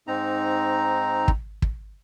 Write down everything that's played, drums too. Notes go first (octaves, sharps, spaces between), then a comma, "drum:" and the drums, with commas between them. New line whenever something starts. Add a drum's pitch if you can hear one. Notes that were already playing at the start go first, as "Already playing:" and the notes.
G#2 C4 D#4 A#5
drum: kick
drum: kick